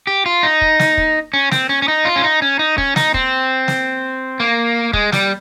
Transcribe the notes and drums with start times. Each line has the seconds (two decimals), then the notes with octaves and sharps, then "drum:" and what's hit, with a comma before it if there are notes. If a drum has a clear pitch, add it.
0.07 G4
0.26 F4
0.43 D#4
0.61 drum: kick
0.79 drum: snare
0.97 drum: kick
1.34 C#4
1.51 C4, drum: snare
1.69 C#4
1.82 C#4
1.88 D#4
2.05 F4
2.16 C#4
2.24 D#4
2.42 C#4
2.59 D#4
2.78 C#4, drum: kick
2.96 D#4, drum: snare
3.14 C4, drum: kick
3.68 drum: snare
4.40 A#3
4.93 G#3, drum: kick
5.12 G3, drum: snare